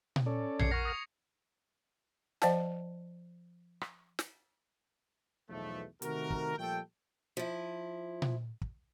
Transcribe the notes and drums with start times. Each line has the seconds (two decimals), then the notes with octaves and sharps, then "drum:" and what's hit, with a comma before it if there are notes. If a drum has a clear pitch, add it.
0.16 drum: tom A#2
0.26 C#4 A4 D5
0.59 G#6 C7 C#7, drum: tom A#1
0.71 A#4 F#5 C#6 F6 A#6
0.85 D#6 A#6 F7
2.42 F3 C5 D5 F5 G5 A5, drum: snare
3.81 drum: rim click
4.19 drum: snare
5.50 B1 E2 B2 F3 A3
6.02 C3 D#3 A3 F#4 A#4, drum: hi-hat
6.30 drum: kick
6.58 A#2 F3 G3 A3 A4 G5
7.37 F3 E4
8.22 drum: tom A#2
8.61 drum: kick